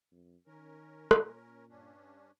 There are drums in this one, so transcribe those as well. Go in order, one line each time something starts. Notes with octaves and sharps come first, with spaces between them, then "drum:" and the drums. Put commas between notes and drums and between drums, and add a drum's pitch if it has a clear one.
F2
D#3 C#4 A#4
A#2, drum: rim click
G2 C#4 D4